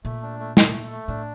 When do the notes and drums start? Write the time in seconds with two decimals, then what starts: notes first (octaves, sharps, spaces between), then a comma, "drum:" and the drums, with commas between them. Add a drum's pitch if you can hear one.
0.05 A#2 A3
0.22 D4
0.40 A3
0.57 A3, drum: snare
0.74 A4
0.91 A3
1.08 A2 D4